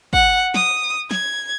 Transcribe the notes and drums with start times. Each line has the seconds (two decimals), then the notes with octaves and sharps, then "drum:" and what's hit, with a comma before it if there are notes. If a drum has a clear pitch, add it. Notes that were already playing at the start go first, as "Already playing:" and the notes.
0.13 F#5, drum: kick
0.54 D#6, drum: snare
1.11 G#6, drum: snare